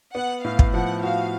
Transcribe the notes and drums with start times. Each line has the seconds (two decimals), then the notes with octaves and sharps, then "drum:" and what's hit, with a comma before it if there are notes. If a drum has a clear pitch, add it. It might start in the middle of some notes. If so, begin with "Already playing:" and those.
0.15 B3 F#5
0.44 A2 F5
0.59 drum: kick
0.74 F3 F#5
1.03 F#4 F5